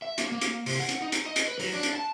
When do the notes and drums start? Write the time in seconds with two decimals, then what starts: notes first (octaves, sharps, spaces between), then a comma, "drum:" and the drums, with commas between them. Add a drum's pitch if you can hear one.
0.02 E5
0.18 A#3, drum: hi-hat
0.32 A#3
0.41 drum: hi-hat
0.66 C3, drum: open hi-hat
0.80 F#5
0.89 drum: hi-hat
1.02 D#4
1.12 drum: hi-hat
1.26 D#5
1.36 drum: hi-hat
1.48 B4
1.60 F#3, drum: open hi-hat
1.73 D4
1.83 drum: hi-hat
1.95 A5